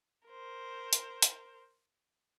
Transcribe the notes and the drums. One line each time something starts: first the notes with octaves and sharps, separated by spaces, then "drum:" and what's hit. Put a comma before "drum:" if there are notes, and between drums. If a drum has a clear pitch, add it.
A#4 C5
drum: hi-hat
drum: hi-hat